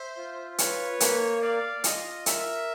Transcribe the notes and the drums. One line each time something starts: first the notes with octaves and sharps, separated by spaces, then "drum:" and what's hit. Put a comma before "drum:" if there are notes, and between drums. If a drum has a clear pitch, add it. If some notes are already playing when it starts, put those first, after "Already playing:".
Already playing: C5 E5
F4
B4 C#5, drum: hi-hat
A#3, drum: hi-hat
D5 F5
F4 D#5, drum: hi-hat
A#4 E5, drum: hi-hat